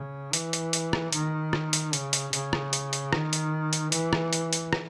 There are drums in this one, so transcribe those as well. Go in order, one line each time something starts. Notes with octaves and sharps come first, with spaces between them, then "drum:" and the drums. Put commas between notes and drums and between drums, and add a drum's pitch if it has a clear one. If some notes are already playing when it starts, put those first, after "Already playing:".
Already playing: C#3
E3, drum: hi-hat
drum: hi-hat
drum: hi-hat
drum: rim click
D#3, drum: hi-hat
drum: rim click
drum: hi-hat
C#3, drum: hi-hat
drum: hi-hat
C#3, drum: hi-hat
drum: rim click
drum: hi-hat
drum: hi-hat
D#3, drum: rim click
drum: hi-hat
drum: hi-hat
E3, drum: hi-hat
drum: rim click
drum: hi-hat
drum: hi-hat
drum: rim click